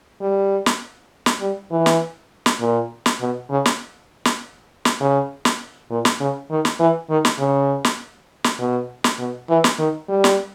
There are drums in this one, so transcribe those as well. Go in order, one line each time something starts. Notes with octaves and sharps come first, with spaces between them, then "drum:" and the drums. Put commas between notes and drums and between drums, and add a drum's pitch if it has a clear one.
G3
drum: snare
drum: snare
G3
E3
drum: snare
drum: snare
A#2
drum: snare
B2
C#3
drum: snare
drum: snare
drum: snare
C#3
drum: snare
A#2
drum: snare
C#3
D#3
drum: snare
E3
D#3
drum: snare
C#3
drum: snare
drum: snare
B2
drum: snare
B2
E3
drum: snare
D#3
G3
drum: snare